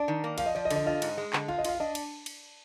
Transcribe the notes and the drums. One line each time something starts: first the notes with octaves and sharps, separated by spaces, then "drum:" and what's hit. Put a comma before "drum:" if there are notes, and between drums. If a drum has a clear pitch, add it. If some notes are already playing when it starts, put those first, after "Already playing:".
Already playing: D4 D5
D#3
A#3
F3 F5, drum: cymbal
D#5
F3 D5
D#5
D3, drum: cymbal
D#5
F4 D#5
G#2, drum: cymbal
G#3
D3, drum: clap
F4 F5
D#5
F4 F5, drum: cymbal
F5
D4 D#5
drum: cymbal
drum: cymbal